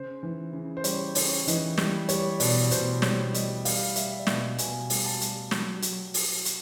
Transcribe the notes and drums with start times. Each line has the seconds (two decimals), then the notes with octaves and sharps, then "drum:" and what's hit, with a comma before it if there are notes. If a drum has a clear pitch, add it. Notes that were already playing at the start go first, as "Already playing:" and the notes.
Already playing: C#3 C5
0.23 E3
0.53 C#3
0.77 C5
0.84 G3 C#5, drum: hi-hat
1.15 C#3 C#5, drum: open hi-hat
1.47 E3 D#5, drum: hi-hat
1.78 G3, drum: snare
2.09 G3 C#5, drum: hi-hat
2.40 B2 D5, drum: open hi-hat
2.71 B2 C5, drum: hi-hat
3.02 G3 C#5, drum: snare
3.34 G3 D#5, drum: hi-hat
3.65 G3 F5, drum: open hi-hat
3.96 G3 E5, drum: hi-hat
4.19 D5
4.27 B2 D#5, drum: snare
4.58 B2 G#5, drum: hi-hat
4.90 G3, drum: open hi-hat
5.05 A5
5.21 G3, drum: hi-hat
5.51 F#3, drum: snare
5.82 F#3, drum: hi-hat
6.14 drum: open hi-hat
6.45 drum: hi-hat